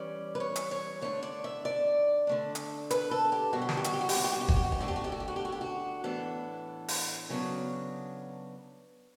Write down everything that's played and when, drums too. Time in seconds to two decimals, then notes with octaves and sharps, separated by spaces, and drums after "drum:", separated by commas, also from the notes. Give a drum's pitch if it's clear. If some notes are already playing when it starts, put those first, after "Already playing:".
Already playing: E3 G3 C#4 D5
0.35 B4
0.40 C#5
0.56 drum: hi-hat
0.71 C#5
1.01 D3 A3 D4 C#5
1.23 D5
1.44 E5
1.65 D5
2.27 D3 A3 D4
2.55 drum: hi-hat
2.90 B4, drum: hi-hat
3.11 A4
3.32 G4
3.53 B2 G3 D4 F#4
3.62 G4
3.69 F#4, drum: snare
3.77 G4
3.84 F#4, drum: hi-hat
3.93 G4
4.01 F#4
4.09 G4, drum: open hi-hat
4.17 F#4
4.24 G4
4.33 F#4
4.41 G4
4.48 F#4, drum: kick
4.56 G4
4.64 F#4
4.72 G4
4.78 D3 A3 D4 F#4
4.88 G4
4.96 F#4
5.04 G4
5.12 F#4
5.20 G4
5.28 F#4
5.36 G4
5.45 F#4
5.52 G4
5.61 F#4
6.04 A2 E3 B3 D4 A4
6.88 drum: open hi-hat
7.29 C#3 F#3 B3 D4